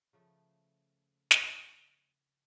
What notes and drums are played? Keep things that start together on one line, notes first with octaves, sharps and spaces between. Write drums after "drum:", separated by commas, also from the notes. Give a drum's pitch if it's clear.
C#3 F3 A3
drum: snare